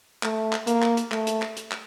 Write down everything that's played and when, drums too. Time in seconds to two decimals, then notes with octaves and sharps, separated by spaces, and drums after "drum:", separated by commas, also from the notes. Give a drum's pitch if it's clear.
0.23 A3, drum: clap
0.53 drum: clap
0.67 A#3, drum: hi-hat
0.82 drum: clap
0.97 drum: hi-hat
1.12 A3, drum: clap
1.27 drum: hi-hat
1.42 drum: clap
1.57 drum: hi-hat
1.72 drum: clap